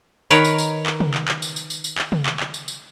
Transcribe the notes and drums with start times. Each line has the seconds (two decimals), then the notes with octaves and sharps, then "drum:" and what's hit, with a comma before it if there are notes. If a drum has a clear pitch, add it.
0.30 D#3 A#4 B4 C#5, drum: tambourine
0.44 drum: tambourine
0.58 drum: tambourine
0.86 drum: clap
1.00 drum: tom
1.14 drum: clap
1.28 drum: clap
1.42 drum: tambourine
1.56 drum: tambourine
1.70 drum: tambourine
1.84 drum: tambourine
1.98 drum: clap
2.12 drum: tom
2.26 drum: clap
2.40 drum: clap
2.54 drum: tambourine
2.68 drum: tambourine